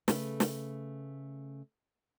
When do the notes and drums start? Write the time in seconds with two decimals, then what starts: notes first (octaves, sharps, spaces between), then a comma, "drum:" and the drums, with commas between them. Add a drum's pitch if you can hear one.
0.08 C#3 A3 A4 B4, drum: snare
0.40 drum: snare